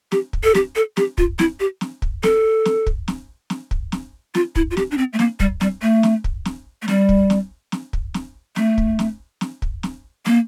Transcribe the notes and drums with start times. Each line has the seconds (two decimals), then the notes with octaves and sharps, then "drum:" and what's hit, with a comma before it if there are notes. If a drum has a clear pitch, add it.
0.12 G4, drum: snare
0.33 drum: kick
0.44 A4
0.54 G4, drum: snare
0.76 A4
0.97 G4, drum: snare
1.18 F4, drum: kick
1.39 E4, drum: snare
1.60 G4
1.81 drum: snare
2.02 drum: kick
2.23 A4, drum: snare
2.65 drum: snare
2.87 drum: kick
3.08 drum: snare
3.50 drum: snare
3.71 drum: kick
3.92 drum: snare
4.35 F4, drum: snare
4.56 E4, drum: kick
4.71 F4
4.77 G4, drum: snare
4.91 D4
4.98 C4
5.13 A3
5.19 A#3, drum: snare
5.40 G3, drum: kick
5.61 G3, drum: snare
5.82 A3
6.03 drum: snare
6.24 drum: kick
6.45 drum: snare
6.82 A3
6.88 G3, drum: snare
7.09 drum: kick
7.30 drum: snare
7.72 drum: snare
7.93 drum: kick
8.14 drum: snare
8.56 A3, drum: snare
8.78 drum: kick
8.99 drum: snare
9.41 drum: snare
9.62 drum: kick
9.83 drum: snare
10.26 A#3, drum: snare